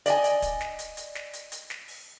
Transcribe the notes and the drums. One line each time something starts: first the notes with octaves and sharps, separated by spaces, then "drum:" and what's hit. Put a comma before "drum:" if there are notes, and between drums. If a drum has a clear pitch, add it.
D5 D#5 G#5, drum: hi-hat
drum: hi-hat
drum: kick, hi-hat
drum: snare
drum: hi-hat
drum: hi-hat
drum: snare
drum: hi-hat
drum: hi-hat
drum: snare
drum: open hi-hat